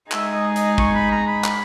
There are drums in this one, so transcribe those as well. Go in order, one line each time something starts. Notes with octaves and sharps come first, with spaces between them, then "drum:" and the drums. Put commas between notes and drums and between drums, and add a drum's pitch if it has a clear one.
G#3 D#4 G#4 E5, drum: clap
D#5
D#5, drum: hi-hat
C#6, drum: kick
B5
A#5
B5
drum: clap